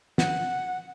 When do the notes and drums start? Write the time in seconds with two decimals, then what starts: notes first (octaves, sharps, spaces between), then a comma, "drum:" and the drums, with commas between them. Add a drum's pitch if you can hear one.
0.18 F#5, drum: snare